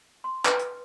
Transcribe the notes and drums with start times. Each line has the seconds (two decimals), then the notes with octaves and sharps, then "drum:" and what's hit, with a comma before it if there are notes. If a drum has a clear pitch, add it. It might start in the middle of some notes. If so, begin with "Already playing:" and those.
0.24 C6
0.45 B4, drum: clap
0.59 drum: hi-hat